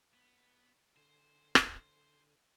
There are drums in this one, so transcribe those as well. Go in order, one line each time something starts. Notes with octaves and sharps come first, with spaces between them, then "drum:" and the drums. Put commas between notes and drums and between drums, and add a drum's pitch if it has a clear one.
B3
D3 C5 G#5
drum: rim click